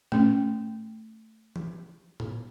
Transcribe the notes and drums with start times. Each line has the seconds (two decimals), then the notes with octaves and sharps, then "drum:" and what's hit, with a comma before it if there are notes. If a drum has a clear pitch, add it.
0.12 A3 C#4, drum: tom A2
1.56 drum: tom E3
2.20 drum: tom A2